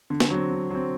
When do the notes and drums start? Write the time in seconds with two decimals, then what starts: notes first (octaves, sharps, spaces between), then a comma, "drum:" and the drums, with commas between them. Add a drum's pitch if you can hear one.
0.10 D3
0.20 drum: snare
0.30 F#3 C4
0.51 D3
0.70 F#3 C4